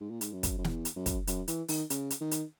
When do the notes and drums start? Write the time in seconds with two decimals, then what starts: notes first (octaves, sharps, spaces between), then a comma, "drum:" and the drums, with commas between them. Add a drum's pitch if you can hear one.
0.01 G#2
0.10 A#2
0.21 G#2, drum: hi-hat
0.33 F#2
0.43 drum: kick, hi-hat
0.58 F#2
0.64 E2, drum: snare
0.85 drum: hi-hat
0.96 F#2
1.06 drum: kick, hi-hat
1.27 F#2, drum: hi-hat
1.48 E3, drum: hi-hat
1.68 D#3, drum: open hi-hat
1.90 C#3, drum: hi-hat
2.10 drum: hi-hat
2.21 D#3
2.31 drum: hi-hat